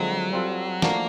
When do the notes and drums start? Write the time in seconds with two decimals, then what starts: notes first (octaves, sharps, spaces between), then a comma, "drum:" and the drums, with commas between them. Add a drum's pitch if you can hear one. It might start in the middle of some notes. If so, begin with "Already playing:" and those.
Already playing: D3 F3 F#3 G#3 C4
0.33 G3 C4 F4 A4
0.82 F3 A3 A#3 D4 F#4 A#4, drum: snare